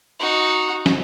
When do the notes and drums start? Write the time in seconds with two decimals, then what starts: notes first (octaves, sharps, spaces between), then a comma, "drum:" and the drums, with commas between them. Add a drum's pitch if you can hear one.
0.20 D#4 F#4
0.86 drum: snare